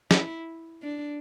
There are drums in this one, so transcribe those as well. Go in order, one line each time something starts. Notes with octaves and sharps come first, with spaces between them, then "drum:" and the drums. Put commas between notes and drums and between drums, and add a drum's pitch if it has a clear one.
E4, drum: snare
D4